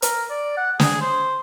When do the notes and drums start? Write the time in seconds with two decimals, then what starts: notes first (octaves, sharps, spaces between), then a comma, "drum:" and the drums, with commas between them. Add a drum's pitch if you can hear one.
0.02 A#4, drum: hi-hat
0.30 D5
0.57 F#5
0.80 G#4, drum: snare
1.01 C5